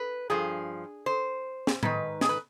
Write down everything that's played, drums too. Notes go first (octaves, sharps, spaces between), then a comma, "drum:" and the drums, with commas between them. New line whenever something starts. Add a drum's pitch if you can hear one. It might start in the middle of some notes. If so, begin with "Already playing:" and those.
Already playing: B4
G2 F3 G#4
C5
drum: snare
G#2 D#3 B4, drum: tom A2
G#4, drum: snare
B4